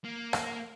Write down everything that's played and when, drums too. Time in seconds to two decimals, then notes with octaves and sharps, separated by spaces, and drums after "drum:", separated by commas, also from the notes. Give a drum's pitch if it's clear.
0.05 A#3
0.33 drum: rim click